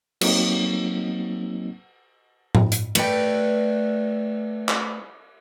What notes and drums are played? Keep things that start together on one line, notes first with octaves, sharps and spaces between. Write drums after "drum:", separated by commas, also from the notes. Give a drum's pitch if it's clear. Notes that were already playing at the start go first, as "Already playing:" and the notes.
F#3 A#3 C4 D#4, drum: cymbal
drum: tom A2
drum: hi-hat
A3 B4 D5 G5, drum: cymbal
drum: clap